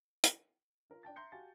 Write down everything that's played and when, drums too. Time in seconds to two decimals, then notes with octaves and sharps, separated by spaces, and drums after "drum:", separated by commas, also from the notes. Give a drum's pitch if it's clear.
0.24 drum: hi-hat
0.90 F4 A#4
1.03 D4 G5 A5 A6
1.16 E5 A#5 C6 G6 C#7
1.32 F#4 G4 F5 G#5 A5 A6